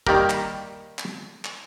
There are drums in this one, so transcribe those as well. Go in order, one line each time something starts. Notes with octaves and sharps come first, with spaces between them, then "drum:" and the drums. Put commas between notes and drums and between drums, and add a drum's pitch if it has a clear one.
D#3 G3 A#3 G4 A#4, drum: kick
drum: clap
drum: clap
drum: clap